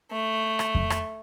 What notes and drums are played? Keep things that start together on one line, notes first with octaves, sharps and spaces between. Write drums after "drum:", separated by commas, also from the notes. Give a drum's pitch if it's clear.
A3
drum: rim click
drum: kick F2
drum: rim click